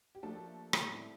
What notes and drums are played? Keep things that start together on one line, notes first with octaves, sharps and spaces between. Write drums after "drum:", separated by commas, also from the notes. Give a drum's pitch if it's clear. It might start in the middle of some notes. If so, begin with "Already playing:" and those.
G4
F3 A3 A#3 D4 A4
drum: rim click
A2 G3 C4 E4